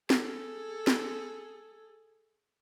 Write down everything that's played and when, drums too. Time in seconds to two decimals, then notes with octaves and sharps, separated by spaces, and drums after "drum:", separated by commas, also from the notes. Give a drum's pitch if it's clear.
0.10 G#4 A4, drum: snare
0.87 drum: snare